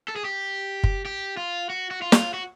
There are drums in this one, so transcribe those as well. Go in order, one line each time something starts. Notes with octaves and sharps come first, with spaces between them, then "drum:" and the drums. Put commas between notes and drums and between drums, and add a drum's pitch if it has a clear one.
A4
G#4
G4
drum: kick
G4
F4
F#4
F#4
F4
drum: snare
F#4